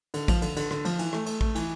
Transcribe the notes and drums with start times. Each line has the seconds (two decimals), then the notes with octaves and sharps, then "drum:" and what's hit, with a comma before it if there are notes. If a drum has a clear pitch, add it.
0.14 D3, drum: cymbal
0.28 F3, drum: kick, cymbal
0.42 D3, drum: cymbal
0.56 D3, drum: cymbal
0.71 D3, drum: rim click
0.85 F3, drum: cymbal
0.99 E3, drum: cymbal
1.13 A3, drum: rim click
1.26 A3, drum: cymbal
1.41 A3, drum: kick
1.55 E3, drum: cymbal